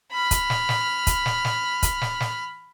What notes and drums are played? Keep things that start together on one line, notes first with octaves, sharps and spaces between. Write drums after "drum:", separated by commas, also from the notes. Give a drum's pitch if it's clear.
B5 F6
drum: kick, hi-hat
drum: snare
drum: snare
drum: kick, hi-hat
drum: snare
drum: snare
drum: kick, hi-hat
drum: snare
drum: snare